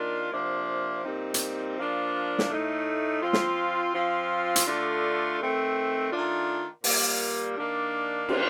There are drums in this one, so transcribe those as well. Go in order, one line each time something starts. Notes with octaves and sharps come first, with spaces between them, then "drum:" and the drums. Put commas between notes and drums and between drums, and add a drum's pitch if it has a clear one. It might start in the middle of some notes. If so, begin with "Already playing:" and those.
Already playing: D#3 A#3 D4 F4
C3 F3 A#3 D4
A#2 G3 C4 D#4
drum: hi-hat
F3 A#3 D4 F4
drum: snare
A2 A3 D#4
F3 C4 F4
drum: snare
F3 C4 F4
drum: hi-hat
D3 A3 D4 F4
D#3 A3 C4
D#3 A3 D4 F4
A#2 G3 A#3, drum: open hi-hat
D#3 A#3 D4
F3 A#3 D4 F4, drum: cymbal